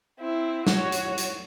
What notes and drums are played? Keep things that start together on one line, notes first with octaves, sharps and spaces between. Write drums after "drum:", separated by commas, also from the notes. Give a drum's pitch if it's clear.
C4 E4
F#4 C#5, drum: snare
drum: hi-hat
drum: hi-hat